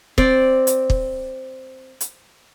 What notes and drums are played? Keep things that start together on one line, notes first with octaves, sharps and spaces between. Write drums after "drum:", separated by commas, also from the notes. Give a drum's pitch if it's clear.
C4 D5, drum: kick
drum: hi-hat
drum: kick
drum: hi-hat